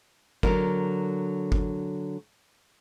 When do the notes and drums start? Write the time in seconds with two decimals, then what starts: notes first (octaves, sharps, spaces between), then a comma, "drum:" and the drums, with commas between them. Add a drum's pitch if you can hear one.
0.43 D3 F#3 A#4, drum: kick G1
1.52 drum: kick G1